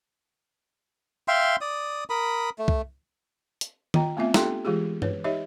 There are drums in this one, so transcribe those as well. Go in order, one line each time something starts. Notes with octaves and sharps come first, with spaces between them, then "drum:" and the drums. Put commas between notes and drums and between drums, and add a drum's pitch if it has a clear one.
E5 F5 G5 C6
D5 D#6
A#4 B5 D#6
A3
drum: kick C2
drum: hi-hat
F4 D#5 G5 A#5, drum: tom D#3
A3 B3 C4 F4 E5
D4 F4 G4 A4 G5 C6, drum: snare
E3 G#3 F4 G4 G#4
B4 C#5, drum: tom G2
D#4 G4 C#5 D#5 E5